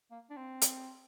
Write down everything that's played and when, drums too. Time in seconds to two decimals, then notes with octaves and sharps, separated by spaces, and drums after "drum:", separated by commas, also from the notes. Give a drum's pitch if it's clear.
0.11 A#3
0.30 D4
0.37 C4
0.62 drum: hi-hat